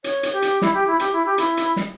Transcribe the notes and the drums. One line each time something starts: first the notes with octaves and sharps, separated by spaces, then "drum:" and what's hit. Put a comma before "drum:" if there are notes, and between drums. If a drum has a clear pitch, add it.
C#5, drum: hi-hat
drum: hi-hat
G4
drum: hi-hat
E4, drum: snare
G4
E4
G4, drum: hi-hat
E4
G4
E4, drum: hi-hat
drum: hi-hat
drum: snare